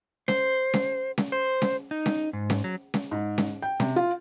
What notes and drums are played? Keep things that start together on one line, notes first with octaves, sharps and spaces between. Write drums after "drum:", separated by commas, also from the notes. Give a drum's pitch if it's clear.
C5, drum: snare C#4
drum: snare C#4
drum: snare C#4
C5
drum: snare C#4
D#4
drum: snare C#4
G#2
drum: snare C#4
F#3
drum: snare C#4
G#2
drum: snare C#4
G5
C3, drum: snare C#4
F4